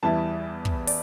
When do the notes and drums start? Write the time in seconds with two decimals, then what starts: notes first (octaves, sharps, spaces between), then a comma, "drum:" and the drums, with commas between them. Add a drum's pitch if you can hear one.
0.03 E2 E3 G3 E4 A5
0.65 drum: kick
0.87 D5, drum: open hi-hat